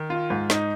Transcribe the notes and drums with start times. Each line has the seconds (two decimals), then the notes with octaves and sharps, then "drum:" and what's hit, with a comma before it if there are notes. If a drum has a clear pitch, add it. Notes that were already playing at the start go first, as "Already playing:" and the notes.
Already playing: D#3
0.10 F4
0.30 G#2
0.50 D#4, drum: snare